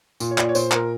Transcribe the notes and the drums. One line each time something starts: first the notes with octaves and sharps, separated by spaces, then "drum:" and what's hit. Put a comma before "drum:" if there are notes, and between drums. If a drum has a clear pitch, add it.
A#2, drum: tambourine
C#5
A#2 D5, drum: clap
C#5
A#2 C5, drum: tambourine
A#2 A#4, drum: clap